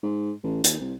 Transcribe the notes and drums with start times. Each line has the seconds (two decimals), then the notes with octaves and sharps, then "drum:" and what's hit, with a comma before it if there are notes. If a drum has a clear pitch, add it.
0.03 G#2
0.44 A1
0.64 D#2, drum: hi-hat
0.80 C2